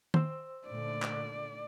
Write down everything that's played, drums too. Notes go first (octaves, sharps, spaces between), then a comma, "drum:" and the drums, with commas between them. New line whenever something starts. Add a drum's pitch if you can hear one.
C5 E6, drum: tom D#3
A#2 D3 A3 D5
drum: clap